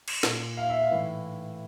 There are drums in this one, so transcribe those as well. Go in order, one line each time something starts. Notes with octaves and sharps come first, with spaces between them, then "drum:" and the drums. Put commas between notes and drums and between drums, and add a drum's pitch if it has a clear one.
drum: cymbal
A#2, drum: snare
F5
E5
F5
A2 E3